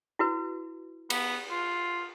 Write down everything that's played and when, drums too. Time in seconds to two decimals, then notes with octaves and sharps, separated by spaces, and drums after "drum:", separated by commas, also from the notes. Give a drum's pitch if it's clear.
0.19 E4 F#4 B4
1.10 B3, drum: cymbal
1.51 F4